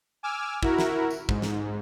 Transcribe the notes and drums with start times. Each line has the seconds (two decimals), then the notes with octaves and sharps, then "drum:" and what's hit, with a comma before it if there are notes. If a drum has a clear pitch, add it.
0.23 G#5 D6 E6 F6
0.63 E4 F#4 A#4, drum: kick
0.79 drum: snare
1.10 drum: tambourine
1.29 G#2, drum: kick
1.42 drum: snare